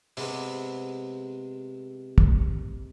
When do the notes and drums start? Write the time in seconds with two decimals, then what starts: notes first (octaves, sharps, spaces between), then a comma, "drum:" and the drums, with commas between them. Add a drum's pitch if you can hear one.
0.17 C3 G#3 B3, drum: open hi-hat
2.18 drum: kick